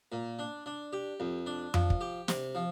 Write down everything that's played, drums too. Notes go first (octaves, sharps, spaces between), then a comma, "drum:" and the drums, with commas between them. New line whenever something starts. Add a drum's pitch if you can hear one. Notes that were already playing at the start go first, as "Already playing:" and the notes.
A#2
D4
D4
G4
F2
D4
F3, drum: tom F2
drum: kick
G4
C3, drum: snare
F3